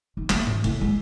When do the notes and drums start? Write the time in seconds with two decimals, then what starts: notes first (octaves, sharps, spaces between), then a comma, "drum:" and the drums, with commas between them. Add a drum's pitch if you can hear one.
0.17 D#3
0.30 A3, drum: clap
0.47 drum: tom G#2
0.64 A2, drum: cymbal
0.81 G#3